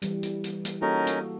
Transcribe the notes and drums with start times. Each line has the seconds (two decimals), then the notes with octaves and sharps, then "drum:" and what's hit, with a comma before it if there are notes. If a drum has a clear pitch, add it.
0.02 E3 G3, drum: hi-hat
0.23 drum: hi-hat
0.44 drum: hi-hat
0.65 drum: hi-hat
0.82 A#3 C#4 D#4 F#4 A4 A#4
1.07 drum: hi-hat